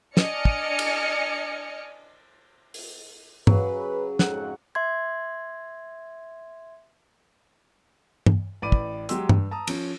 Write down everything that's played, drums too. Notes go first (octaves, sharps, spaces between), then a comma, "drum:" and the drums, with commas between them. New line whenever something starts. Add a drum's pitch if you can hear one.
D4 D5 D#5 G#5 F6 C#7, drum: snare
drum: kick
drum: cymbal
drum: open hi-hat
C#3 F#3 B4, drum: tom G2
F2 G#2 F#5, drum: snare
E5 C6 G#6
drum: tom G2
A1 D5 B5 D6 D7 D#7
drum: kick
F#3 G#3 G4 C6 E6, drum: hi-hat
G2, drum: tom G2
A5 A#5 D#6
F3 C#4, drum: cymbal